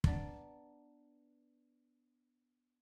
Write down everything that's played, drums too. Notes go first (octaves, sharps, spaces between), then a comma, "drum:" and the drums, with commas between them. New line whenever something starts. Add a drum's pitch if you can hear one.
B3 D4 D5 A5 A#5, drum: kick